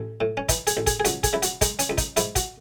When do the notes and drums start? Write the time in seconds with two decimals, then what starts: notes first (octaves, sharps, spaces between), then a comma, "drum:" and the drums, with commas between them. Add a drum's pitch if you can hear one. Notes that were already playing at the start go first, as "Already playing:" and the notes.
Already playing: A1
0.21 A2
0.37 C#4
0.49 E3 D#4, drum: kick, hi-hat
0.67 G#4, drum: hi-hat
0.77 A1
0.87 G#4, drum: kick, hi-hat
1.00 G#4
1.05 C#2 F#4, drum: hi-hat
1.23 G#4, drum: kick, hi-hat
1.33 C#3 E4
1.42 F#4, drum: hi-hat
1.61 G#3 D#4, drum: kick, hi-hat
1.79 C#4, drum: hi-hat
1.90 C#2
1.98 D#4, drum: kick, hi-hat
2.16 G#2 E4, drum: hi-hat
2.36 F#4, drum: kick, hi-hat